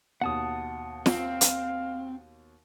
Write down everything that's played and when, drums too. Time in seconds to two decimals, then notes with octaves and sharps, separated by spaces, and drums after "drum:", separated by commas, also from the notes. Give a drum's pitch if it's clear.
0.22 D#2 B2 F#5 A5 D#6
1.06 C4 F5, drum: snare
1.41 drum: hi-hat